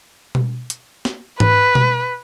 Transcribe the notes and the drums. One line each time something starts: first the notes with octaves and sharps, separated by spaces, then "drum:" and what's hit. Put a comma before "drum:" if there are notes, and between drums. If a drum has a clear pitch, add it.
drum: tom B2
drum: hi-hat
drum: snare
B4, drum: tom G#2
drum: tom B2